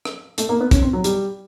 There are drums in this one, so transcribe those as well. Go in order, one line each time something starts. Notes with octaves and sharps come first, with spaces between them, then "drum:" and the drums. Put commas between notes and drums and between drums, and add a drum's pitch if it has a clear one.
drum: rim click
A3, drum: hi-hat
A#3
B3
C#4, drum: kick, hi-hat
C4
F#3
G3, drum: hi-hat